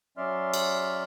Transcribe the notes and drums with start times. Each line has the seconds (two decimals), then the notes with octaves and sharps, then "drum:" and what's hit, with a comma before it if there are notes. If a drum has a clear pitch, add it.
0.17 F#3 C#4 D5 E5 C6 F6
0.54 drum: cymbal